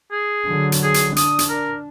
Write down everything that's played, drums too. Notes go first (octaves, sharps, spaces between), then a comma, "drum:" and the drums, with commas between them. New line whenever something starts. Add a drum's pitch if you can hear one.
G#4
D3 F#3
drum: hi-hat
G#4
drum: hi-hat
D4 D#6, drum: hi-hat
drum: hi-hat
A#4